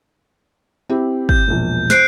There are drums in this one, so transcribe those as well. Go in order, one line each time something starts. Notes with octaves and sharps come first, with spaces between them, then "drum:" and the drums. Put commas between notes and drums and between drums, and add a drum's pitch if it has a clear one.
C4 E4 G4
G6, drum: kick
E1 A#1
C5 F#6 C7 D7, drum: snare